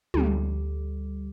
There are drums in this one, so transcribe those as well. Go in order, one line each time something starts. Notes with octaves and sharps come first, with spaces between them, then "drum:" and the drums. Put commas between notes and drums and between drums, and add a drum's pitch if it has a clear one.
D2 G3, drum: tom